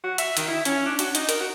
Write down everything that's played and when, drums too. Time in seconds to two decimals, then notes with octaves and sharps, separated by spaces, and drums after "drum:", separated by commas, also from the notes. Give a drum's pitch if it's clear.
0.04 F#4
0.18 E5, drum: hi-hat
0.37 D#3, drum: hi-hat
0.48 E4
0.65 C#4, drum: hi-hat
0.86 D4
0.99 F#4, drum: hi-hat
1.15 D#4, drum: hi-hat
1.29 A#4, drum: hi-hat
1.40 F#4